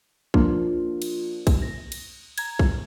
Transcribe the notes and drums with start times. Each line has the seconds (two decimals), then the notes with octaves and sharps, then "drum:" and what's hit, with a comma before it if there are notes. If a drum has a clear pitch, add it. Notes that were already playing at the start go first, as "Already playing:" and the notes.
0.34 F3 A#3 D4 F4, drum: kick A#1
1.02 drum: cymbal
1.47 drum: kick A#1, cymbal
1.62 A#6
1.92 drum: cymbal
2.38 A#5 G#6, drum: cymbal
2.59 drum: kick A#1